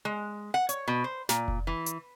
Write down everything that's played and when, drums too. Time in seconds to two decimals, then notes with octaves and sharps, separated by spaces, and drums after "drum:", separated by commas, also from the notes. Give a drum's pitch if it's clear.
0.05 G#3
0.54 F#5
0.69 C#5, drum: hi-hat
0.88 B2
1.04 C5
1.29 A#2, drum: snare
1.48 drum: kick F1
1.67 E3
1.86 drum: hi-hat